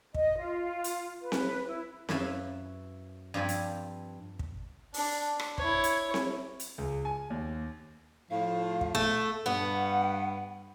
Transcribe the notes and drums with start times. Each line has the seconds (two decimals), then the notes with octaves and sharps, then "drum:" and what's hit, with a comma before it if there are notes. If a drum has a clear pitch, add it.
0.15 D#5, drum: kick
0.38 F4
0.84 drum: hi-hat
1.21 B4
1.32 drum: snare C4
1.66 E4
2.09 F#2 E4 B4 E5 F5 B5, drum: snare C4
3.34 G2 F3 C4 G#5 B5
3.49 drum: hi-hat
4.39 drum: kick
4.94 D4, drum: open hi-hat
5.40 drum: rim click
5.58 E4 C#5, drum: kick
5.84 drum: hi-hat
6.14 drum: snare C4
6.60 drum: hi-hat
6.78 C#2
7.05 G#5
7.30 D#2
8.31 A2 F3 F5
8.81 drum: kick
8.95 A3
9.46 G2 B3 F#5